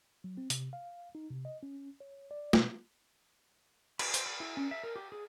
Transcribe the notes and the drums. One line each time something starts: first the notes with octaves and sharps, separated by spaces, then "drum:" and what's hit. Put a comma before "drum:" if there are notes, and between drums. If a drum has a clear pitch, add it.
F#3
C4
C3, drum: hi-hat
F5
D#4
C3
D#5
C#4
C#5
D5
B2, drum: snare
B5, drum: cymbal
C5, drum: hi-hat
B5
E4
C#4
E5
A#4
G4
G#4